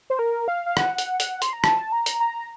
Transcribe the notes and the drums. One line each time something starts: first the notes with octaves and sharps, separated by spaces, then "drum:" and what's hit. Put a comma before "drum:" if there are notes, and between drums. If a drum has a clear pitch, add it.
C5
A#4
F5
F5
F#5, drum: rim click
drum: hi-hat
F#5, drum: hi-hat
C6, drum: hi-hat
A#5
A5, drum: rim click
A#5
drum: hi-hat
A#5